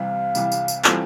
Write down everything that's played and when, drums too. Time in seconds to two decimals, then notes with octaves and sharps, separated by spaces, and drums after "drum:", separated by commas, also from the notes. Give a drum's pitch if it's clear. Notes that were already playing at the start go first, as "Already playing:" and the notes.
Already playing: C2 C3 E3 G3 F5
0.35 C2 C3 E3 G3, drum: tambourine
0.52 drum: tambourine
0.68 drum: tambourine
0.84 E3 G3 C4 F4 A4, drum: clap